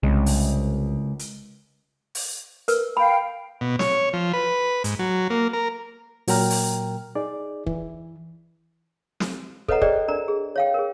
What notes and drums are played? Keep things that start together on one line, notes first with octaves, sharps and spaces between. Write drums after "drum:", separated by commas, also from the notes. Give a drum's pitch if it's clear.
C2 C#3 G#3
drum: open hi-hat
drum: hi-hat
drum: open hi-hat
A#4 B4, drum: hi-hat
F5 G5 B5
B2
C#5, drum: snare
F3
B4
G#2, drum: hi-hat
F#3
A#3
A#4
A#2 F#3 A#4 G5 A#5 F6, drum: open hi-hat
drum: open hi-hat
D#4 G#4 D5
E3, drum: kick
drum: snare
A4 B4 C#5 D#5 F#5 A#5, drum: kick
G#4 C5 D5 D#5 G5, drum: kick
D4 A#4 D5 A#5
G#4
C#5 F5 G5
G#4 A#4